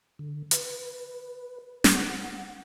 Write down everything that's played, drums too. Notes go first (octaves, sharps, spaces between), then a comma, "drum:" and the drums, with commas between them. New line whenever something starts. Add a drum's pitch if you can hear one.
D3
B4, drum: hi-hat
F#5, drum: snare